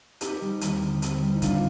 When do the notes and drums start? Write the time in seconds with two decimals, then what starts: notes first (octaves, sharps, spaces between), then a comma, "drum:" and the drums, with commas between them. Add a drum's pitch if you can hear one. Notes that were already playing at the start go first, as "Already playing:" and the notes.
0.21 C4 D#4 G4, drum: hi-hat
0.41 G3
0.61 D#2, drum: hi-hat
0.82 D3
1.02 C4, drum: hi-hat
1.22 G3
1.35 D#4
1.42 D#2 D4 F4, drum: kick, hi-hat